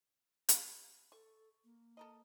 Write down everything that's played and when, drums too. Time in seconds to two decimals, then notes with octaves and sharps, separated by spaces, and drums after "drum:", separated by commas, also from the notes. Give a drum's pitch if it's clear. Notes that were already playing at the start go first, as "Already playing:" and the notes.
0.49 B5, drum: hi-hat
1.12 A4 C#6
1.64 A#3
1.97 A4 A#4 D#5